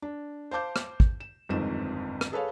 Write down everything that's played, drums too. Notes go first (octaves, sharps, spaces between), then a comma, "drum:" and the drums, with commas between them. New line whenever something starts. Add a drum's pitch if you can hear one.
D4
C5 F5 A5 D6 G6
drum: rim click
drum: kick
E7
G1 F2 G#2 D#3 C4 E7
drum: rim click
G#4 A4 B4 C#5 F5